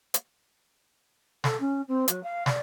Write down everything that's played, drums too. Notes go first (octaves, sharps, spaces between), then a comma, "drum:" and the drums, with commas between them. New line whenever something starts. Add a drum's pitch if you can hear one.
drum: hi-hat
A4, drum: snare
C#4
C4
F#3, drum: hi-hat
F5
D5, drum: snare